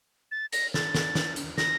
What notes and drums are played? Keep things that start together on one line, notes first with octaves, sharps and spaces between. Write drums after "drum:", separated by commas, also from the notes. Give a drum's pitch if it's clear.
A6
A#6, drum: hi-hat
A6, drum: snare
drum: snare
drum: snare
drum: hi-hat
A#6, drum: snare